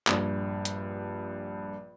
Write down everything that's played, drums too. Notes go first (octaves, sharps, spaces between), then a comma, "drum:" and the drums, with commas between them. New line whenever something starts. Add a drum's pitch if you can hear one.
A#1 G2, drum: clap
drum: hi-hat